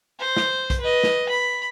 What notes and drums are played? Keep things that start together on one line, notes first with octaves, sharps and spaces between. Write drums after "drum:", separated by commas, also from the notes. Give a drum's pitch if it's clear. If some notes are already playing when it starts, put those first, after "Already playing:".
C5
drum: snare
drum: kick B1, hi-hat
B4 D#5
drum: snare
B5